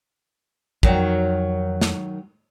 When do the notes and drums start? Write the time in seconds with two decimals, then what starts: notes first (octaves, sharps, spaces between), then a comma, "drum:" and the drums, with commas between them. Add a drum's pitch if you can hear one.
0.83 F2 D#3 F#3, drum: kick
1.81 drum: snare